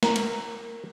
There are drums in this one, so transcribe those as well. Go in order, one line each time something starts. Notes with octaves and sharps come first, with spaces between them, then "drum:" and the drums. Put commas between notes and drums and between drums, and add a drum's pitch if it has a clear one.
A#4, drum: snare
drum: cymbal